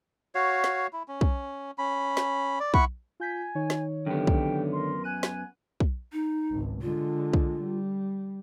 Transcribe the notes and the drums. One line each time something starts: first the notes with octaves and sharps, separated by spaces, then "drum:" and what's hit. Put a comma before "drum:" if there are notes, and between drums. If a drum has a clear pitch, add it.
F#4 C#5 F5
drum: snare
E4
C#4
drum: kick
C#4 B5
drum: snare
D5
E4 F#5 B5 C#6, drum: kick
F4 G#5 G6 B6
D#3 D#4 C#5
drum: snare
F#2 D3 B3 G4 G5
drum: kick
A#4 C6
G#5 F#6 D#7
drum: snare
drum: kick
D#4
G#1 C#2
D3 G#3 F4
drum: kick
G3